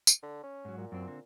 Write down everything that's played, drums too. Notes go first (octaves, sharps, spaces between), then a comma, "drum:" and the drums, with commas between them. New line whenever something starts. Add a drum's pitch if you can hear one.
drum: tambourine
D3
C#4
G#2 F#3
A#2
F#2 C4
D3 C4